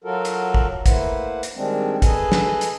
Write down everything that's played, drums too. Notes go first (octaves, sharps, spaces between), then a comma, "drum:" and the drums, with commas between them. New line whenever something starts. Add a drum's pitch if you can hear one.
F#3 F4 F#4 A4 A#4
drum: hi-hat
drum: kick
A3 A#3 E4 B4 C5 F#5, drum: kick, hi-hat
drum: hi-hat
D#3 G3 G#3 C4 D4
G#4 A4 B4 D#5 G#5, drum: kick, hi-hat
drum: snare
drum: hi-hat